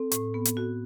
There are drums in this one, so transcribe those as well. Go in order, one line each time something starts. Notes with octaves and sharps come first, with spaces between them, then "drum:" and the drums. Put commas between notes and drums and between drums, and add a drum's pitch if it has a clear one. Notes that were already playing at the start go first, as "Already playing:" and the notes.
Already playing: C4 A4
A2, drum: hi-hat
B3
drum: hi-hat
F#4